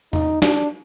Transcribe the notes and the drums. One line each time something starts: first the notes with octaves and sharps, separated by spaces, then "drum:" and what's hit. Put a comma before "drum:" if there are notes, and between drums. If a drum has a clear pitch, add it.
D#4, drum: tom E2
D4, drum: snare